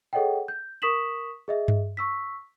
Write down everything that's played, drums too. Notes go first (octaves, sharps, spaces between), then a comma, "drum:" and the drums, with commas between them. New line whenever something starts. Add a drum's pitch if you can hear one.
G#4 A4 C#5 D#5 F#5 G5
G6
A#4 C#6 D#6 B6 E7 F#7
G#4 D#5 E5
drum: tom G2
C#6 E6 B6